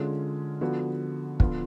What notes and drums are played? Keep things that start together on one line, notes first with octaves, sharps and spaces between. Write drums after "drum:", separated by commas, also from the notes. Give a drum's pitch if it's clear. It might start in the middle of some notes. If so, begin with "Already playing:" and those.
Already playing: D3 G#3 C#4 F4
D3 F3 B3 F#4
D3 F3 B3 F4, drum: kick